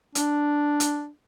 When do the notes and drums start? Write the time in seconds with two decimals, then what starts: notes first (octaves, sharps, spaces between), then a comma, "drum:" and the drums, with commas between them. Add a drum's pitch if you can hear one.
0.15 D4, drum: hi-hat
0.80 drum: hi-hat